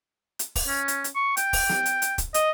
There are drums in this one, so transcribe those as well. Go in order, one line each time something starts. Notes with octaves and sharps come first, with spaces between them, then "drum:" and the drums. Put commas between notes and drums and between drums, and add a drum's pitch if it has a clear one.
drum: hi-hat
drum: kick, open hi-hat
C#4
drum: hi-hat
drum: hi-hat
C#6
G5, drum: hi-hat
drum: kick, open hi-hat
drum: snare
drum: hi-hat
drum: hi-hat
drum: kick, hi-hat
D#5, drum: hi-hat